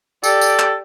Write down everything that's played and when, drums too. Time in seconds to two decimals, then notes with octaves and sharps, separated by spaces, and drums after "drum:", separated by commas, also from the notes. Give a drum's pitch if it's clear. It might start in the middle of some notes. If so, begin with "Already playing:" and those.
0.24 G4 A4 D5, drum: tambourine
0.41 drum: tambourine
0.59 drum: clap